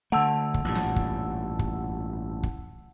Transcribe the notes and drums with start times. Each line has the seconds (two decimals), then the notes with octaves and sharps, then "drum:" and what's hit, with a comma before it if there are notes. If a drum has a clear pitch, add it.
0.12 D3 A3 F#5 A5 E6
0.54 drum: kick
0.64 A1 G2 A#2
0.75 drum: snare
0.96 drum: kick
1.59 drum: kick
2.43 drum: kick